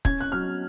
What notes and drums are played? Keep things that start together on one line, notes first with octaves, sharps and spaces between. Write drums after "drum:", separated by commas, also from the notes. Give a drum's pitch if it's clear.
C#4 G#6, drum: kick
F#6
F#3 F6